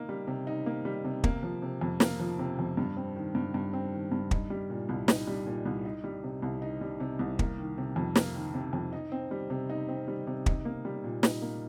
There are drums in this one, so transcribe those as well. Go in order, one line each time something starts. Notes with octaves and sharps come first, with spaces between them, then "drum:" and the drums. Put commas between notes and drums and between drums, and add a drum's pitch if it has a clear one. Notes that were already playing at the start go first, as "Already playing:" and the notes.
Already playing: A#3 D#4
G3
C3
D#4
A#3
G3
C3
A#3, drum: kick
F3
C3
F2
A#3, drum: snare
F3
C3
F2
G2
C4
D#3
G2
G2
C4
D#3
G2
D#4, drum: kick
G3
A#2
C2
D#4, drum: snare
G3
A#2
C2
D#4
G3
C3
C2
D#4
G3
C3
C2
A#3, drum: kick
D#3
C3
F2
A#3, drum: snare
D#3
C3
F2
D#4
C4
G3
C3
D#4
C4
G3
C3
D#4, drum: kick
A#3
G3
A#2
D#4, drum: snare
A#3